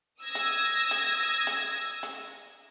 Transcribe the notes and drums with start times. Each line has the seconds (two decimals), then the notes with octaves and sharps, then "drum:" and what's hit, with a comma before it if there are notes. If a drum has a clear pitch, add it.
0.21 D#6 E6 G#6 A#6
0.35 drum: hi-hat
0.91 drum: hi-hat
1.47 drum: hi-hat
2.03 drum: hi-hat